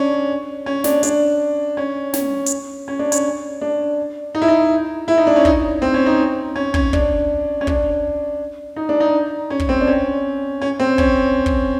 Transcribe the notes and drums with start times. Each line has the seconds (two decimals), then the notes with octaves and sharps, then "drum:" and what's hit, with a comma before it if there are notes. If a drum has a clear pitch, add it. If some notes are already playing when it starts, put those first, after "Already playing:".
Already playing: C#4 D4
0.66 C#4
0.84 D4, drum: snare
1.03 D4, drum: hi-hat
1.77 C#4
2.13 C#4, drum: snare
2.46 drum: hi-hat
2.88 C#4
2.99 D4
3.12 C#4, drum: hi-hat
3.61 D4
4.35 D#4
4.42 E4
4.48 D#4
5.08 E4
5.18 D#4
5.27 D4
5.36 C#4
5.45 D#4, drum: kick
5.82 C4
5.94 C#4
6.06 D#4
6.56 C#4
6.74 C#4, drum: kick
6.93 D4, drum: kick
7.61 C#4
7.67 D4, drum: kick
8.76 D#4
8.89 D4
9.00 D#4
9.50 C#4
9.59 drum: kick
9.69 C4
9.81 D4
9.87 C#4
10.62 C#4
10.80 C4
10.98 C#4, drum: kick
11.46 drum: kick